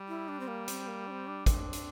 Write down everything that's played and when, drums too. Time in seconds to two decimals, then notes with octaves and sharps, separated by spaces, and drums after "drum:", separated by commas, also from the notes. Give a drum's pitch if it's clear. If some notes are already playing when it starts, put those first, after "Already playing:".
Already playing: G3
0.08 E4
0.28 D4
0.40 C4
0.48 A#3
0.68 C4, drum: hi-hat
0.88 A#3
1.07 D4
1.11 C4
1.27 D4
1.46 C4, drum: kick, hi-hat
1.73 drum: hi-hat